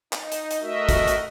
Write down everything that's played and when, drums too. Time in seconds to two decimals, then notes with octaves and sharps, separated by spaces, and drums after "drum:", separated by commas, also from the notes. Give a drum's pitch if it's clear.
0.13 D#4, drum: clap
0.32 drum: hi-hat
0.51 drum: hi-hat
0.61 A3 F#4 A#4 D#5 E5
0.89 drum: kick, hi-hat
1.08 drum: hi-hat